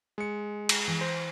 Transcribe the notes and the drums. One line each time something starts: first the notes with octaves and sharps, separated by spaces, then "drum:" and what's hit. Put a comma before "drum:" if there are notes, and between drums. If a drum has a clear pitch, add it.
G#3 C#7
drum: cymbal
E3
C5